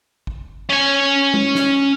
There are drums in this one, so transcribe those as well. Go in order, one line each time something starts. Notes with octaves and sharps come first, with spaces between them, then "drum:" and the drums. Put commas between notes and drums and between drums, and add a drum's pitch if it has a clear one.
drum: kick
C#4 G#5
drum: tom G#3
drum: snare